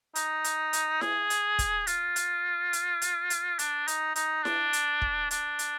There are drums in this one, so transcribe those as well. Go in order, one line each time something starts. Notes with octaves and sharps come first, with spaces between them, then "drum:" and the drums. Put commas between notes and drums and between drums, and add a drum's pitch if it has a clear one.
D#4, drum: hi-hat
drum: hi-hat
drum: hi-hat
G#4, drum: snare E4
drum: hi-hat
drum: kick, hi-hat
F4, drum: hi-hat
drum: hi-hat
drum: hi-hat
drum: hi-hat
drum: hi-hat
D4, drum: hi-hat
D#4, drum: hi-hat
D#4, drum: hi-hat
D4, drum: snare E4
drum: hi-hat
drum: kick
D4, drum: hi-hat
drum: hi-hat